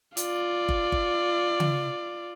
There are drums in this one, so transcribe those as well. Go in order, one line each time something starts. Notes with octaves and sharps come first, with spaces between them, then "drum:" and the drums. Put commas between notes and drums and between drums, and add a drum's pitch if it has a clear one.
F4 D5, drum: hi-hat
drum: kick G1
drum: kick G1
drum: tom C#3